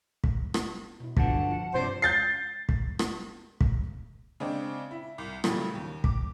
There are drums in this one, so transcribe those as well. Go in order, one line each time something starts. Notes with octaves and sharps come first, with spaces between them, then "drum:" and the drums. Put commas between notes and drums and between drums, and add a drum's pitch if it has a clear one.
drum: kick
drum: rim click
B2 E4
G2 D3 F3 B3 F#4 F#5 A5, drum: kick
F3 F4
G2 C3 C4 C5 D5
G6 A6 C7
drum: kick
drum: rim click
drum: kick
C#3 G#3 C4 D4
E4
C2
A#2 C#3 E3 F#3 G3 A3, drum: rim click
D#2
D6, drum: kick